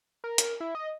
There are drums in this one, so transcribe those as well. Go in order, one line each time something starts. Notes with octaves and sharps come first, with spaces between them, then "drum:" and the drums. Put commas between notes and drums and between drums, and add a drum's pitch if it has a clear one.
A#4
drum: hi-hat
E4
D#5